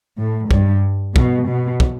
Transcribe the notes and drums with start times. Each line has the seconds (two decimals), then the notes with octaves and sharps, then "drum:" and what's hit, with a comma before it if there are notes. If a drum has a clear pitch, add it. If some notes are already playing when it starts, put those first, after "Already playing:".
0.18 A2
0.51 G2, drum: kick
1.16 B2, drum: kick
1.48 B2
1.80 drum: kick